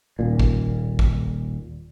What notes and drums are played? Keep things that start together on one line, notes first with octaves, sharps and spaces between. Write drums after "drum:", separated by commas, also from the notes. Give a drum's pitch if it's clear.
D#1 A#2
drum: kick
drum: kick